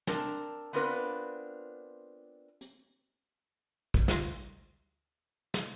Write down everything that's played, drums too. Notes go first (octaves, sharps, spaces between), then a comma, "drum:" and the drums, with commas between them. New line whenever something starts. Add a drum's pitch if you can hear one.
C4 D4 A#4 A5, drum: snare
B3 C4 D4 F4 A#4 B4
drum: hi-hat
drum: kick
D2 G3 F4 C6 A#6, drum: snare
drum: snare